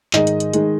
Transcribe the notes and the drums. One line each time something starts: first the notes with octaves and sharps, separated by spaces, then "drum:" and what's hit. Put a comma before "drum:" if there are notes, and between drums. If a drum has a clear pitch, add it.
G#2 D#3 G#3 D#4 D#5, drum: clap
drum: hi-hat
drum: hi-hat
D#3 G#3, drum: hi-hat